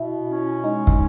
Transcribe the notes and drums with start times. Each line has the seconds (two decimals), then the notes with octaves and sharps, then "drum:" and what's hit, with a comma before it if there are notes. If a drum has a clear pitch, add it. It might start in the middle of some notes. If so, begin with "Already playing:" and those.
Already playing: B2 E4
0.29 C#4
0.63 G#3 D#4
0.87 drum: kick